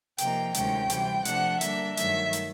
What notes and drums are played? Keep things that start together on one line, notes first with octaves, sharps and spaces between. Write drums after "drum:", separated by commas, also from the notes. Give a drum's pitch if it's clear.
C3 F3 A#3 D#4 G5, drum: hi-hat
D2 C3 D#3 G#3 C#4 G5, drum: hi-hat
C3 E3 G3, drum: hi-hat
C3 F3 A3 D4 F#5, drum: hi-hat
D3 G3 A#3 D4 E5, drum: hi-hat
G2 D#3 F#3 A3 E5, drum: hi-hat
drum: hi-hat